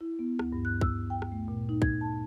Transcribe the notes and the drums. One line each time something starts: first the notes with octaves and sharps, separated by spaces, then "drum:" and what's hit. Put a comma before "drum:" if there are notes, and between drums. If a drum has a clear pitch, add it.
E4
B3
D2, drum: rim click
G2
F#6
E6, drum: kick
G5
drum: rim click
A3
A#2
D#4
G#6, drum: kick
A5